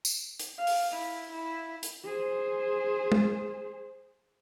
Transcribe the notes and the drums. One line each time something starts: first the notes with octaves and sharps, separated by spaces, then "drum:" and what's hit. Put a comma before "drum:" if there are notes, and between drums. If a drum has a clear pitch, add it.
drum: tambourine
drum: hi-hat
F5
drum: open hi-hat
E4
E4
drum: hi-hat
G#4 C5
drum: tom